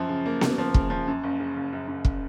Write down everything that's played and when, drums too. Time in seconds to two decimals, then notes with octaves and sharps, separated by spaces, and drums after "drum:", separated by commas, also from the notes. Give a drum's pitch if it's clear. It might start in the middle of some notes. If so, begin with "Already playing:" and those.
Already playing: F#2 F3
0.09 C#3
0.26 A#3
0.41 C#3, drum: snare B3
0.58 F3
0.74 C#3, drum: kick
0.90 F3
1.08 F#2
1.23 F#1
1.40 C#3
1.56 F#1
1.73 F#2
1.88 F#2
2.05 drum: kick